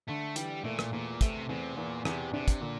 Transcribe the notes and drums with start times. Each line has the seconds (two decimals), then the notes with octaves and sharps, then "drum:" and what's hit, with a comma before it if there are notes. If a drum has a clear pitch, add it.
0.08 D3 A3
0.36 E3 G3, drum: hi-hat
0.64 A#2 A3
0.79 drum: rim click
0.93 E2 A#2
1.21 C3 A3, drum: kick, hi-hat
1.49 E2 C3
1.77 E2 A#2
2.05 E2 C3, drum: rim click
2.33 C3 D4
2.48 drum: kick, hi-hat
2.61 A#2 D3